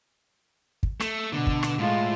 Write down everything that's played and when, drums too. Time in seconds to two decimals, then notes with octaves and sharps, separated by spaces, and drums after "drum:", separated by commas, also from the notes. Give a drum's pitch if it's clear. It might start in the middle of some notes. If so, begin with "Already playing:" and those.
0.83 drum: kick
1.00 A3, drum: rim click
1.33 B2 D3 B3
1.47 drum: kick
1.63 drum: rim click
1.79 A2 G#3 F4